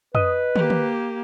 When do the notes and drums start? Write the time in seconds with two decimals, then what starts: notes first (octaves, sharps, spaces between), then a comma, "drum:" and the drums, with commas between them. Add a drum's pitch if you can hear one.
0.15 B4 D#5, drum: tom F2
0.56 A#3 G4, drum: tom
0.70 drum: tom